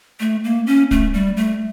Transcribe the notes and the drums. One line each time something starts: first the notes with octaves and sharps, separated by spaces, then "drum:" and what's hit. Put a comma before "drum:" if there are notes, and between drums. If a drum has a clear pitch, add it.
A3
A#3
C#4
A3, drum: kick D1
G3
A3